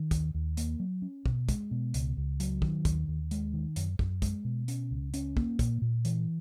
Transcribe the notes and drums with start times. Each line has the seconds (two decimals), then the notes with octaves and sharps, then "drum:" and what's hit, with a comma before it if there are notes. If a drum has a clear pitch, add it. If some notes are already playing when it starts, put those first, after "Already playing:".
Already playing: D#3
0.11 D#2, drum: kick, hi-hat
0.34 D#2
0.57 A#3, drum: hi-hat
0.80 F#3
1.02 C#4
1.26 B2, drum: kick
1.49 G#3, drum: kick, hi-hat
1.71 B2
1.94 C#2, drum: hi-hat
2.17 C#2
2.40 F#3, drum: hi-hat
2.62 D#3, drum: kick
2.85 D#2, drum: kick, hi-hat
3.08 D#2
3.31 G#3, drum: hi-hat
3.53 D#3
3.76 F#2, drum: hi-hat
3.99 F#2, drum: kick
4.22 G#3, drum: kick, hi-hat
4.45 B2
4.68 C#4, drum: hi-hat
4.91 C#2
5.14 C#4, drum: hi-hat
5.37 A#3, drum: kick
5.59 A#2, drum: kick, hi-hat
5.82 A#2
6.05 E3, drum: hi-hat